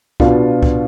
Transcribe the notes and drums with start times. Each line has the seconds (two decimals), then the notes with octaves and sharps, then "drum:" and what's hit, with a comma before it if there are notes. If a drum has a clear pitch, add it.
0.20 B2 B3 D4 F4, drum: kick C2
0.63 drum: kick C2